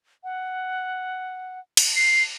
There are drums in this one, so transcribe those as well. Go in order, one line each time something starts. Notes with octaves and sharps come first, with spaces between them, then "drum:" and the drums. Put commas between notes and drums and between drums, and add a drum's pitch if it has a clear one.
F#5
drum: cymbal
C7